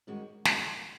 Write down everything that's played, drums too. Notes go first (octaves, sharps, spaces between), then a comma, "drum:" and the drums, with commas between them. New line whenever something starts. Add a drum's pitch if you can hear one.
G2 D#3 G#3 C#4 F#4
G2 D#3 G#3 C#4 F#4, drum: snare